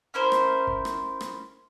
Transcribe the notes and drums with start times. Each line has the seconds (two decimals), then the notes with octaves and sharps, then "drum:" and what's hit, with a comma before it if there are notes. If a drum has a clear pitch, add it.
0.14 C#4 E4 A#4 C5
0.32 drum: rim click
0.67 drum: kick
0.85 drum: rim click
1.21 drum: rim click